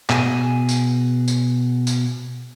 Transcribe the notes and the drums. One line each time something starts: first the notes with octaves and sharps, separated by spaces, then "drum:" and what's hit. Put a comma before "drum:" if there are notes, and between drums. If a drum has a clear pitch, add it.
B2 G#4, drum: clap
drum: tambourine
drum: tambourine
drum: tambourine